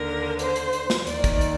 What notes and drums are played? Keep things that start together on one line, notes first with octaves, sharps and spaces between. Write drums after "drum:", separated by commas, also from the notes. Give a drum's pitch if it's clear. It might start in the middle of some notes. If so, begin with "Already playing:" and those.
Already playing: D#2 D3 A#4
C5, drum: hi-hat
drum: hi-hat
drum: hi-hat
drum: snare
D#2 D#3 D5, drum: hi-hat
drum: kick, hi-hat
drum: hi-hat